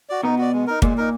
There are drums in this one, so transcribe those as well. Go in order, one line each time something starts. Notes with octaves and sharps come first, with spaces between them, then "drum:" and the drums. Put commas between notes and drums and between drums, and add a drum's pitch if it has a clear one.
F#4 D5
B2 B3 D#4
F#4 D5
G#3
D#4 A#4
A#2 G#3 A#3, drum: kick
D#4 A#4